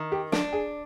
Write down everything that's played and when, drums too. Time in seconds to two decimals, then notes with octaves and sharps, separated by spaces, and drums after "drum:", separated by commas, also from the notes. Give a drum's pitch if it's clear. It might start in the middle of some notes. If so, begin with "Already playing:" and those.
Already playing: D#3
0.12 G4
0.32 D4, drum: snare
0.53 G#4